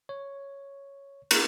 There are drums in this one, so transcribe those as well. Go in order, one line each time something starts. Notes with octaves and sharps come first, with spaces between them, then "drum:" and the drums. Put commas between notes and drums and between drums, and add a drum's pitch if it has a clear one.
C#5
A#4, drum: cymbal